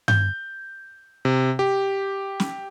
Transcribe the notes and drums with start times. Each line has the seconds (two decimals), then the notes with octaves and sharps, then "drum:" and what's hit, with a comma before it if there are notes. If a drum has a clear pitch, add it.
0.08 G6, drum: tom G2
1.25 C3
1.59 G4
2.40 drum: snare